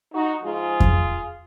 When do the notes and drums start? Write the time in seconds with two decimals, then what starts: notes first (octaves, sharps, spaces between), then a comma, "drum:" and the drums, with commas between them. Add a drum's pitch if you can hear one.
0.14 D#4 F#4
0.42 G#2 F3 G#3 F4 G#4
0.80 drum: kick F2